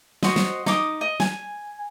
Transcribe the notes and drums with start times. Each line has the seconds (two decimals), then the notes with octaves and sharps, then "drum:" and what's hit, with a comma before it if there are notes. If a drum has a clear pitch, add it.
0.23 F#4 C5 D#5, drum: snare
0.36 drum: snare
0.66 D#4 D6 D#6, drum: snare
1.01 D#5
1.20 G#5, drum: snare